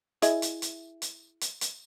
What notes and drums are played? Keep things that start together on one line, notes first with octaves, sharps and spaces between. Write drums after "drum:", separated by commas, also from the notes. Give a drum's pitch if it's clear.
E4 G#4 D#5, drum: hi-hat
drum: hi-hat
drum: hi-hat
drum: hi-hat
drum: hi-hat
drum: hi-hat